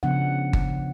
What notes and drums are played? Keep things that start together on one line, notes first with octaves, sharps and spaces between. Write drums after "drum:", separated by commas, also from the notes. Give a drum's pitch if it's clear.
C#3 F3 B3 D4 F#5
drum: kick G1